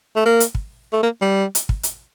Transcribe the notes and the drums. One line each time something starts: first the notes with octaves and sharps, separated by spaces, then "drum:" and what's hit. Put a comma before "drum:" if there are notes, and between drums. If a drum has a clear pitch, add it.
A3
A#3
drum: hi-hat
drum: kick
A3
A#3
G3
drum: hi-hat
drum: kick
drum: hi-hat